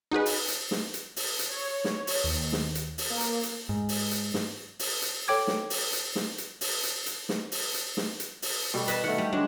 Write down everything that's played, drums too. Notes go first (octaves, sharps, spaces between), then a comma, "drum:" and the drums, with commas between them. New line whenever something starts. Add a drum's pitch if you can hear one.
D#4 F#4 G#4 B4
drum: open hi-hat
drum: hi-hat
drum: snare
drum: hi-hat
drum: open hi-hat
drum: hi-hat
C#5
drum: snare
drum: open hi-hat
D#2
drum: snare
drum: hi-hat
drum: open hi-hat
A#3
drum: hi-hat
drum: hi-hat
G#2
drum: open hi-hat
drum: hi-hat
drum: snare
drum: open hi-hat
drum: hi-hat
A4 C#5 G5 D6 G#6
drum: snare
drum: open hi-hat
drum: hi-hat
drum: snare
drum: hi-hat
drum: open hi-hat
drum: hi-hat
drum: hi-hat
drum: snare
drum: open hi-hat
drum: hi-hat
drum: snare
drum: hi-hat
drum: open hi-hat
B2 G3 A4
B4 D#5 A5, drum: hi-hat
D#3 A3 F#5
G3
F#3 G#3 D4